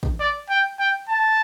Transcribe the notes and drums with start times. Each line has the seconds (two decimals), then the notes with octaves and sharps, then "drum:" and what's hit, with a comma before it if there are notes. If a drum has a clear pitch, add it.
0.03 drum: kick
0.20 D5
0.50 G5
0.79 G5
1.09 A5